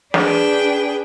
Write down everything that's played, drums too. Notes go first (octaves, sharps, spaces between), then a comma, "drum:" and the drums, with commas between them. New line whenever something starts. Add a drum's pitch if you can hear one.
D4 G#4 B4 G5, drum: snare